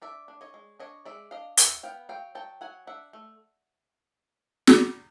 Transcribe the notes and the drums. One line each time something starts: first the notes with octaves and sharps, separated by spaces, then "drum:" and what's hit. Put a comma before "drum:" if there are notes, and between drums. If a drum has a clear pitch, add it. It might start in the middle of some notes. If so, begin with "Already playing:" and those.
D4 D5 E5
D4
C#5 D#5
G#3
D4 C#5 D#5
G#3 D5 E5
D4 D#5 F5
F#3 E5 F#5, drum: hi-hat
B3 F5 G5
F#3 F5 G5
F#3 G5 A5
F#3 F#5 G#5
D4 E5 F#5
A3
drum: snare